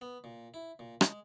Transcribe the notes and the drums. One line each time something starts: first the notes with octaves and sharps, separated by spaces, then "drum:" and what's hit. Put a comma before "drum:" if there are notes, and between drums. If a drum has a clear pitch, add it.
B3
A#2
E4
A#2
G#3, drum: rim click